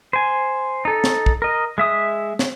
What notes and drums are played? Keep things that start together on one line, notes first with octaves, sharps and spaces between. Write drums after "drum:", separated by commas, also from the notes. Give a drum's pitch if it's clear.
C5 G#5
D#4 A4
drum: snare
drum: kick
A#4 D#5
G#3 E5 D#6
drum: snare